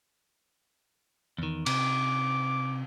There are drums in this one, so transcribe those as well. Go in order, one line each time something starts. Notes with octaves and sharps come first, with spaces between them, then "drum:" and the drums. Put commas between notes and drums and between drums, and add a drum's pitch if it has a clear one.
E2 D#3
C3 D6, drum: cymbal